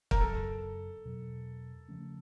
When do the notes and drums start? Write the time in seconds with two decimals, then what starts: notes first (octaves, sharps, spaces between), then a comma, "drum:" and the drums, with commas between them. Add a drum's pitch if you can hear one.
0.11 A#4, drum: kick
0.21 F#2 C#3 F#3 B3 A4
1.05 E2 B2 F#3
1.88 C#3 F3 A3 C#4